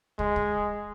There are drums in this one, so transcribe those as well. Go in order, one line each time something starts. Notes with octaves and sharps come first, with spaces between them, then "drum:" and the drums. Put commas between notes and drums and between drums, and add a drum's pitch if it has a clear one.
G#3, drum: kick
drum: kick